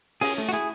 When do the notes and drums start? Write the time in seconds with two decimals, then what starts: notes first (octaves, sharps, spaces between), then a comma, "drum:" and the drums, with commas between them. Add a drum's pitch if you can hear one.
0.21 C#4 G#4, drum: open hi-hat
0.38 A3
0.49 F#4
0.53 E4 G#4, drum: hi-hat